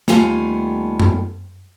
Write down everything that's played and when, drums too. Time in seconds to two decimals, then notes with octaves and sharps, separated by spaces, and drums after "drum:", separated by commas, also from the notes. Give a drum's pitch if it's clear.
0.08 D#2 G3 A3 B3 F4 G#5, drum: snare
1.00 drum: tom F#2